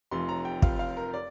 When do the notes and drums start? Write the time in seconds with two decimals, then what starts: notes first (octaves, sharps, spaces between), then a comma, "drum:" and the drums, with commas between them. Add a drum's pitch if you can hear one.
0.11 F1 F2 F3 C6
0.29 A#5
0.45 G5
0.62 F1 F2 F3 F5, drum: kick
0.79 F5
0.97 A#4
1.13 D5